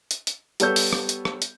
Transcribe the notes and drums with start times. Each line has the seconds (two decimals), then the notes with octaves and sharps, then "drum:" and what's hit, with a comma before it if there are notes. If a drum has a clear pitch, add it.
0.11 drum: hi-hat
0.27 drum: hi-hat
0.60 G3 B3 A4 C#5 E6 G6, drum: hi-hat
0.76 drum: open hi-hat
0.93 drum: rim click
1.09 drum: hi-hat
1.25 drum: rim click
1.42 drum: hi-hat